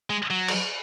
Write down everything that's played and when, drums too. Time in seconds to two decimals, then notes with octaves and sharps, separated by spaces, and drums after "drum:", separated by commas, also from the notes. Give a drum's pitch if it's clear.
0.10 G#3
0.30 F#3
0.48 drum: cymbal